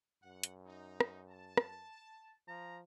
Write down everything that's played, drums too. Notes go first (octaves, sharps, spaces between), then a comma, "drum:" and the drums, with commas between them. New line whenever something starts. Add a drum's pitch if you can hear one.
F#2 F#5
drum: hi-hat
D#4
drum: rim click
A5
drum: rim click
F3 A#5